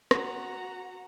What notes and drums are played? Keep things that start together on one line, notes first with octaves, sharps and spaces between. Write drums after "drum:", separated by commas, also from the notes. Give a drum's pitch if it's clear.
F#4 F#5 A#5, drum: rim click